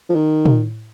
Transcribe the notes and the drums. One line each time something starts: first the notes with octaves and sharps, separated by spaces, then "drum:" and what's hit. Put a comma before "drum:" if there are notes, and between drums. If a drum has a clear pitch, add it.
F3
D#3
drum: tom